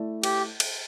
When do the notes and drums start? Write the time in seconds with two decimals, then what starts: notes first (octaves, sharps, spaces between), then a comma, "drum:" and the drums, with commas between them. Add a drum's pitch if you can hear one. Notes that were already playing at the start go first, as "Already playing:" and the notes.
Already playing: A3 E4 A4 D5
0.23 G4, drum: cymbal
0.60 drum: cymbal